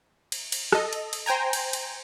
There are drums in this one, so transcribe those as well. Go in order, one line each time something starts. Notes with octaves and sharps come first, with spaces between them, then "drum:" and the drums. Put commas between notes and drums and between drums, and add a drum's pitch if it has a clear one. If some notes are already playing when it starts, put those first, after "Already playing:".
drum: cymbal
drum: cymbal
A4 D#5, drum: rim click
drum: cymbal
drum: cymbal
C5 G5 G#5 A#5
drum: cymbal
drum: cymbal